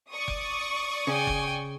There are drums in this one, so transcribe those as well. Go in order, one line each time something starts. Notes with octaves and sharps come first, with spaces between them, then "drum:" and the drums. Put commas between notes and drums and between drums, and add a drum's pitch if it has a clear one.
D5 C#6 D#6
drum: kick F#1
C#3 G5 G#5
drum: kick F#1